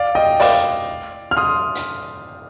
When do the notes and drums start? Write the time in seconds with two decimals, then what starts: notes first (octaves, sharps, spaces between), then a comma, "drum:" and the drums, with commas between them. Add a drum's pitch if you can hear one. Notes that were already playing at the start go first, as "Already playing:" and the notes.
Already playing: D5 F5
0.15 D#5 G5
0.40 D5 F5, drum: open hi-hat
1.31 F6
1.37 C6 D#6
1.75 drum: hi-hat